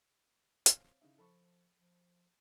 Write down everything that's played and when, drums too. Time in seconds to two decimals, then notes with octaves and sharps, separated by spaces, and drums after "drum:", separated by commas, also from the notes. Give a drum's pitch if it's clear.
0.66 C4 C#5 F5, drum: hi-hat
1.01 C#3 D#4 E4
1.18 F3 A4 B5 C#6
1.78 F3